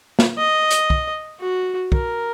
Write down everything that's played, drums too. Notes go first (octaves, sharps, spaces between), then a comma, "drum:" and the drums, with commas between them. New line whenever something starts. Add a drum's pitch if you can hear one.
drum: snare
D#5
drum: hi-hat
drum: kick
F#4
A#4, drum: kick